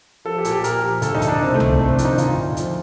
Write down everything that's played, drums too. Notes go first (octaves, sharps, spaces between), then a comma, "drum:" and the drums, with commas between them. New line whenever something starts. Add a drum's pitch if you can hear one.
F3 A4
G4
A#2, drum: hi-hat
G4
A#2 A#4, drum: hi-hat
F3
D2 A4, drum: hi-hat
D#4
D2, drum: hi-hat
D4
C2 C4
A3
C2, drum: tom
C2 C4
D4
D#3, drum: hi-hat
D#4
D2 F4, drum: hi-hat
D2
F3, drum: hi-hat